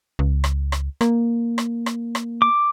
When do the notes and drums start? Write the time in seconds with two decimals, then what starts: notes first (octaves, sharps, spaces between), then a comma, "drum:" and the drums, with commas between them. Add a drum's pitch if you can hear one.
0.19 C#2
0.44 drum: rim click
0.72 drum: rim click
1.01 A#3, drum: rim click
1.58 drum: rim click
1.86 drum: rim click
2.15 drum: rim click
2.42 D6